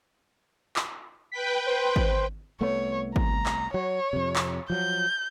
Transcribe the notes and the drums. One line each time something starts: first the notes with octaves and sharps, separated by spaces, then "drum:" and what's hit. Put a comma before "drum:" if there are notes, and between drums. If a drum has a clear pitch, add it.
drum: clap
B4 G5 B6
C5
drum: kick G#1
C2 A3 B3 C#5
A#5, drum: kick G#1
drum: clap
F#3 C#5
F2 C3
drum: clap
F3 F#3 G6